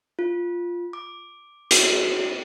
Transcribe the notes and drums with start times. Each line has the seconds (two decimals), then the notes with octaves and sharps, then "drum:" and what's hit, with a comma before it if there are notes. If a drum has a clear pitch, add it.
0.19 F4
0.93 D6
1.71 F#4, drum: hi-hat